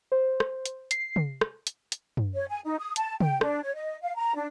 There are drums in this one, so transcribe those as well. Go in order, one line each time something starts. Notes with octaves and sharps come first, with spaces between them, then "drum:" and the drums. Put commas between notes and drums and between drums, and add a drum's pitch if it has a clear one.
C5
drum: rim click
drum: hi-hat
C7, drum: hi-hat
drum: tom
drum: rim click
drum: hi-hat
drum: hi-hat
drum: tom
C#5
G#5
D#4
D#6
A5, drum: hi-hat
G5, drum: tom
D4, drum: rim click
C#5
D#5
F5
A#5
D4